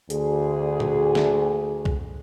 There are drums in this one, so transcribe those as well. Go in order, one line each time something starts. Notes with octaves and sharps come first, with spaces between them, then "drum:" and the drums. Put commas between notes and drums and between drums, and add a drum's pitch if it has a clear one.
D2 G#4, drum: hi-hat
drum: tom A2
drum: snare
drum: kick B1